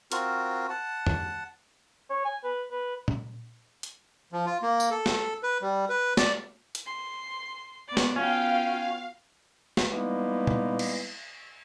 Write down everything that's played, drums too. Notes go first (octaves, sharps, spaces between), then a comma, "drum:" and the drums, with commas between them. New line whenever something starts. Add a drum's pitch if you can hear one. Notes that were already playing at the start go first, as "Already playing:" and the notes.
C4 F4 F#4 A#4, drum: hi-hat
F#5 A5
drum: tom F2
C#5
G#5
B4
B4
drum: tom A#2
drum: hi-hat
F3
F4
A#3
drum: tambourine
A4
drum: snare
B4
G3
B4
D5, drum: snare
drum: hi-hat
C6
B3 D5
drum: snare
B3 C#4 F4 F#4 F5 G5
drum: snare
E3 G3 G#3 A#3 B3 D#4
drum: tom A#2
drum: cymbal